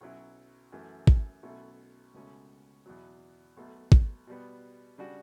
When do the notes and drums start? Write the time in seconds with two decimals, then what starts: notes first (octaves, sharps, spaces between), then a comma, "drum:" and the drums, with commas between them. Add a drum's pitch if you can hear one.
0.01 B1 B2 F#3 C#4 E4
0.72 F#2 E3 A3 E4
1.07 drum: kick
1.43 B1 B2 A3 C#4 E4
2.14 C#2 B2 A3 C#4
2.86 E2 B2 F#3
3.57 B1 B2 A3
3.92 drum: kick
4.27 B2 G3 B3
4.98 C#3 G3 D4 F#4